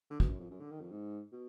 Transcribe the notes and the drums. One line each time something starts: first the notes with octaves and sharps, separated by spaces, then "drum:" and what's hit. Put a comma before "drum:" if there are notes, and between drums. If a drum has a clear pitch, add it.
D3
B2, drum: kick
F#2
F2
F#2
D3
D#3
F2
G#2
B2